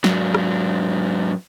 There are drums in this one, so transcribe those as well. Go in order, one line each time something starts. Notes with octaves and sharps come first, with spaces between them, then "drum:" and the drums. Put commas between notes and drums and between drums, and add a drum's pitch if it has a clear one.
G#2 F#3, drum: snare
drum: rim click